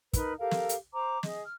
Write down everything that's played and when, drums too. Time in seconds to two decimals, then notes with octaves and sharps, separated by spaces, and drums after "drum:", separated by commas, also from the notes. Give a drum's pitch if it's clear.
0.13 D#4 A#4 B4, drum: kick, hi-hat
0.39 G4 A4 A#4 F5
0.51 drum: snare
0.69 drum: hi-hat
0.94 C5 A#5 D6
1.23 G#4 D#5, drum: snare
1.44 F6